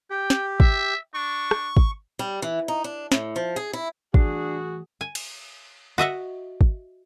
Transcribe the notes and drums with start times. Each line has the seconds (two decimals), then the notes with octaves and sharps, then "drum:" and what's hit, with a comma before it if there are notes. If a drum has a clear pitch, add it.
0.10 G4 G5
0.30 drum: snare
0.60 E5, drum: kick
1.14 D4 C#6
1.51 drum: rim click
1.77 drum: kick
2.19 G3
2.42 E3
2.68 D#4
2.84 D4
3.12 A2, drum: snare
3.36 F3
3.56 G#4
3.73 E4
4.14 E3 G3 A3 D4 F#4 G#4, drum: kick
5.01 G#5
5.15 drum: cymbal
5.98 F#4 D#5 E5 F#5
6.61 drum: kick